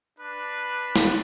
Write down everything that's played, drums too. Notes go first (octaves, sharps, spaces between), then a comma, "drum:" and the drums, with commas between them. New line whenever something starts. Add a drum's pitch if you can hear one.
D4 B4
drum: snare